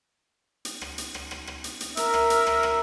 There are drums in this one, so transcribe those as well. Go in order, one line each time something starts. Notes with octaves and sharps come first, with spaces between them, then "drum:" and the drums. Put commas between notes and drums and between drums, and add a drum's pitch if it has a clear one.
drum: hi-hat
drum: rim click
drum: hi-hat
drum: rim click
drum: rim click
drum: rim click
drum: hi-hat
drum: hi-hat
A#4 E5, drum: hi-hat
drum: rim click
drum: hi-hat
drum: rim click
drum: rim click